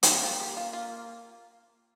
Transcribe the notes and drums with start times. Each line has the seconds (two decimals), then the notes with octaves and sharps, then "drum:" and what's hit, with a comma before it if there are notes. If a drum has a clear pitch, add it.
0.03 A3, drum: hi-hat
0.07 A#3 C4
0.23 F4
0.40 G4
0.57 F4
0.73 F4